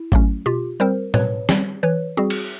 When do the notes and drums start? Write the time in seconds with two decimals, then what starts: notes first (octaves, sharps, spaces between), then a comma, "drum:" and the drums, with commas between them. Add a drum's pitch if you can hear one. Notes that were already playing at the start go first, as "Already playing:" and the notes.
Already playing: E4
0.12 F#3 A3 C#4, drum: kick G#1
0.46 B2 F4 G4
0.80 G3 C4 A#4 C5
1.14 B2 B4 C#5, drum: tom A2
1.49 G3 C4, drum: snare
1.83 E3 B4 C#5
2.17 G3 C4 F#4 G#4
2.30 drum: cymbal